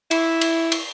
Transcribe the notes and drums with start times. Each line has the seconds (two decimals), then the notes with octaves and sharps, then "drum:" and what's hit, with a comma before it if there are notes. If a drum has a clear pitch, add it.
0.11 E4, drum: cymbal
0.41 drum: cymbal
0.72 drum: cymbal